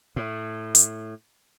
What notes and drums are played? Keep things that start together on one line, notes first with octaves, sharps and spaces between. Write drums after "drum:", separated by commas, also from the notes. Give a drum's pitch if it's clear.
A2
drum: hi-hat